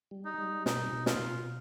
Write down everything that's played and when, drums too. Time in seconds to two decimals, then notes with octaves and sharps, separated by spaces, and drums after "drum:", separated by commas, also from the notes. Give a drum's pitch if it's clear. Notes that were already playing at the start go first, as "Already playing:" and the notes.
0.11 G3
0.25 D#4
0.38 G3
0.66 B2 D#4, drum: snare
0.93 B2
1.06 F4, drum: snare
1.19 B2